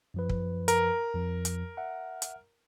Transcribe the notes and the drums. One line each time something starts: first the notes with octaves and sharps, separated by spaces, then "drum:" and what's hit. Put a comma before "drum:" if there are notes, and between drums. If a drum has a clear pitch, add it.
F#2 F3 B4
drum: kick
A#4, drum: hi-hat
F2 F3
drum: hi-hat
E5 F#5
drum: hi-hat